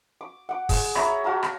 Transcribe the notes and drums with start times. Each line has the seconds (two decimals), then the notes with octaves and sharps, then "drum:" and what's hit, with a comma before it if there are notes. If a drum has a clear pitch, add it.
0.21 D6
0.49 F#5 D6
0.69 G#4, drum: kick, open hi-hat
0.95 C#5 E5 A#5 B5, drum: rim click
1.24 F#4 F5 A5 A#5
1.43 drum: rim click